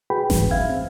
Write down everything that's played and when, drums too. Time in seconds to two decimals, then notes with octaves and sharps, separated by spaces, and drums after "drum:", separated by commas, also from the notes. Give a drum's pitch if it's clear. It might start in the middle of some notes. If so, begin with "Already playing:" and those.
0.10 F#4 G#4 B4 G5 B5
0.30 G#2 E3, drum: snare G1
0.51 E5 F5 G#6
0.69 C4